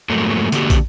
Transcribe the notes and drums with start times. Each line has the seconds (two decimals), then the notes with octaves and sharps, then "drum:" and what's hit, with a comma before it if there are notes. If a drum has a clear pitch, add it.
0.09 F2 G#2 F#3 A3 A#3
0.52 D3 A3 A#3 D4 F#4 G4, drum: hi-hat
0.70 drum: kick, hi-hat